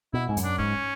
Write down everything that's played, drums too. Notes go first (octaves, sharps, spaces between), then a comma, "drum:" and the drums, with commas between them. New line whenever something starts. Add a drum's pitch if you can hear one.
B2 E4
G#2
F#2, drum: hi-hat
D4
G#2 C#4, drum: kick